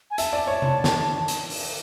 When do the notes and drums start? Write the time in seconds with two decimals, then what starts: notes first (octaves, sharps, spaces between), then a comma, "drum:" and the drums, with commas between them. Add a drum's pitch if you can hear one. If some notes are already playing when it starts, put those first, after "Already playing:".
0.11 G#5
0.18 E5 A5, drum: hi-hat
0.33 D5
0.47 C#5
0.62 drum: tom C3
0.84 drum: snare
1.28 drum: hi-hat
1.50 drum: open hi-hat